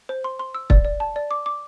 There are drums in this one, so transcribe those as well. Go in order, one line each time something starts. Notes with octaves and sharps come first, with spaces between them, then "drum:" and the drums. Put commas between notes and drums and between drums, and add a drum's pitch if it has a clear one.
C5
C6
C6
E6
D5, drum: kick
D5
A5
D5
D6
D6